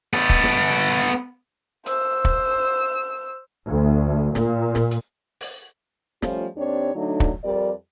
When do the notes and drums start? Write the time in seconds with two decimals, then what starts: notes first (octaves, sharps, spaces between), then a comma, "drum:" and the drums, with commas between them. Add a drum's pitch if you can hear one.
0.14 B3 A4
0.30 drum: kick
0.44 drum: snare
1.86 C5 E6, drum: hi-hat
2.25 drum: kick
3.67 D2
4.35 A#2, drum: snare
4.75 drum: snare
4.91 drum: hi-hat
5.41 drum: open hi-hat
6.22 F3 G3 A3 C#4 F4, drum: snare
6.56 D#2 C4 D4 G4 C#5
6.94 D3 F#3 A3 D4 D#4
7.20 drum: kick
7.44 F2 G3 A#4 D5